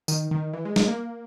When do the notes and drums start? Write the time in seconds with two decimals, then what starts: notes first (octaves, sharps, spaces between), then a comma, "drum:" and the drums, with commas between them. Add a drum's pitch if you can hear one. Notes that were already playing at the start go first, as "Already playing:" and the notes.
0.08 D#3, drum: tambourine
0.31 D#3
0.53 E3
0.65 G#3
0.76 G#3, drum: snare
0.88 A#3